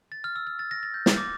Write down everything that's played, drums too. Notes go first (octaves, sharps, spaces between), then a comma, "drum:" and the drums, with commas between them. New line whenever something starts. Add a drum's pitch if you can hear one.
A6
F6
E6
F6
A6
A#6
A6
G6
A6, drum: snare
D6